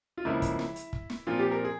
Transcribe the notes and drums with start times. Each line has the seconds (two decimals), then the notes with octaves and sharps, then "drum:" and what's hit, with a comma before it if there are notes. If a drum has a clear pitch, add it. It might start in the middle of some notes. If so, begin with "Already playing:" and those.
0.18 F4
0.25 C#2 C#3 F3 A#3 E4
0.42 drum: kick, hi-hat
0.59 drum: snare
0.76 drum: hi-hat
0.93 drum: kick
1.10 drum: snare
1.27 A#2 F3 C4 F4
1.39 G4
1.51 A#4
1.65 G#4